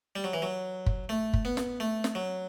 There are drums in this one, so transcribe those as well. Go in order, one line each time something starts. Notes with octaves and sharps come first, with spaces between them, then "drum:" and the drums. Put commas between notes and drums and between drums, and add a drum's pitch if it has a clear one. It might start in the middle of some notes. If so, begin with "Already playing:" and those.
G3
F#3
E3
F#3
drum: kick
A3
drum: kick
B3
drum: snare
A3
drum: snare
F#3